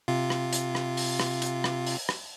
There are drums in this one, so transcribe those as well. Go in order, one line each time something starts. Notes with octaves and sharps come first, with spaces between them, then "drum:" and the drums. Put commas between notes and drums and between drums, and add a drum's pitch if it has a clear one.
C3 F4
drum: rim click
drum: hi-hat
drum: rim click
drum: open hi-hat
drum: rim click
drum: hi-hat
drum: rim click
drum: open hi-hat
drum: rim click